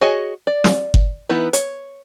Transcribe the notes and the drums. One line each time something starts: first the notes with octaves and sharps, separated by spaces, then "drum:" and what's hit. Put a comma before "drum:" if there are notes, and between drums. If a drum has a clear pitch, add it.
F#4 G#4 C#5 D#5 G#5
D5
drum: snare
drum: kick G1
E3 B3 D#4 E4 B4
C#5, drum: hi-hat